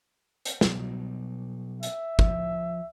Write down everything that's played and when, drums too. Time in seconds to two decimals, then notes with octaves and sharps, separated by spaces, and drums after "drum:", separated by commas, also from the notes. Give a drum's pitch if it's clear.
0.45 drum: hi-hat
0.61 B2 F#3 G3, drum: snare
1.83 E5, drum: hi-hat
2.19 F3, drum: kick